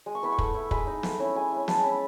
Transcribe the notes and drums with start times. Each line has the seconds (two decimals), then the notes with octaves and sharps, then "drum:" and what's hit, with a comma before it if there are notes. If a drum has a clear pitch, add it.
0.06 G#3
0.15 C#6
0.23 B3 E4 B5
0.32 C#6
0.38 A3, drum: kick
0.54 E4
0.71 G#3 B5, drum: kick
0.87 D#4
1.03 A3, drum: snare
1.19 C#4 E4
1.35 G#3 G#5
1.52 C#4 E4
1.68 G#3 A5, drum: snare
1.84 C#4 E4 B5